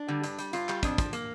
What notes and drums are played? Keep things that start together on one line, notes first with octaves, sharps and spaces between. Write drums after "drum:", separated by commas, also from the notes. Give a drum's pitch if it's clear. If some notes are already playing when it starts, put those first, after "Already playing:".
Already playing: D4
D3 G3
G2, drum: hi-hat
G3, drum: hi-hat
G2 F4, drum: hi-hat
G3, drum: clap
F2 D4, drum: kick, hi-hat
F3, drum: kick, hi-hat
A#3, drum: hi-hat